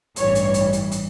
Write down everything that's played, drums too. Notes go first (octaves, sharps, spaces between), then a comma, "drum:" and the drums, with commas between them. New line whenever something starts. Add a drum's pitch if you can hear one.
A1 G2 E3 G3 C#5, drum: hi-hat
drum: hi-hat
drum: hi-hat
drum: hi-hat
drum: hi-hat